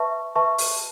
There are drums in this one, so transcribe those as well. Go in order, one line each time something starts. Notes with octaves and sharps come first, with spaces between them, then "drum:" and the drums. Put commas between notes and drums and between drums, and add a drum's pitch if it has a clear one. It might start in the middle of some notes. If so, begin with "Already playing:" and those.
Already playing: B4 E5 A5 C#6
B4 E5 A5 C#6
drum: open hi-hat